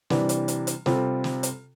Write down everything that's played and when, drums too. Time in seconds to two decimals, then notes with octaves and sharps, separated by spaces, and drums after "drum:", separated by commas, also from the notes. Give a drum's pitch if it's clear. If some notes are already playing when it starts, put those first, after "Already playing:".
0.10 C3 E3 G3 D4, drum: snare
0.29 drum: hi-hat
0.48 drum: hi-hat
0.67 drum: hi-hat
0.86 C3 G3 C4 F4 A4, drum: snare
1.24 drum: snare
1.43 drum: hi-hat